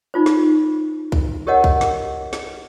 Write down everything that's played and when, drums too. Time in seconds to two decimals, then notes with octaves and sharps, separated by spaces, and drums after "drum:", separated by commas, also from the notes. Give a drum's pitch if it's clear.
0.14 D#4 F4 C5
0.26 drum: snare
1.12 drum: kick B1
1.47 G4 A#4 C#5 D#5 F#5
1.64 drum: kick B1
1.81 drum: snare
2.33 drum: snare